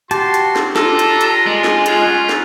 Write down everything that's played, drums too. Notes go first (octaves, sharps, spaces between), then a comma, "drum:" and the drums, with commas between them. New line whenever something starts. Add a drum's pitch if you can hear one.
F#4 G4 A5 C6, drum: hi-hat
drum: hi-hat
drum: snare
D4 F4 A4 A#5, drum: snare
drum: hi-hat
drum: hi-hat
G#3
drum: snare
C#4 F4 F#5 A#5, drum: hi-hat
drum: snare